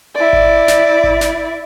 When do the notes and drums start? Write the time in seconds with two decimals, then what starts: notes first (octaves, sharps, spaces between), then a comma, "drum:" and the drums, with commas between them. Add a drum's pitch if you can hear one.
0.15 E4 D5
0.33 drum: kick G#1
0.68 drum: snare
1.04 drum: kick G#1
1.21 drum: snare